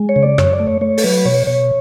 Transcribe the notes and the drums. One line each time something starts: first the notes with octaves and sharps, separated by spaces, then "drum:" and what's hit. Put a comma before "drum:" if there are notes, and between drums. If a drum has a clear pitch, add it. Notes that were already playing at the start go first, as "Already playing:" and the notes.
Already playing: G#3
C#5
C#3
D5
F#2 C#5, drum: rim click
D5
A3
C#5
A3 C#5
A4, drum: open hi-hat
F#3 B4
B2 C#5
B2 C#5